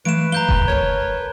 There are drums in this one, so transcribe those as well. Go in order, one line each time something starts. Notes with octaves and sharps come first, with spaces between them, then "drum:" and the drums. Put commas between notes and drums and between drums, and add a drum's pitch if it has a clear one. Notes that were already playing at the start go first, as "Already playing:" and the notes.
E3 A3 B4 F5 D7 E7
A#4 F5 A#5 G6 G7
drum: kick F1
A#4 C#5 G#5 A5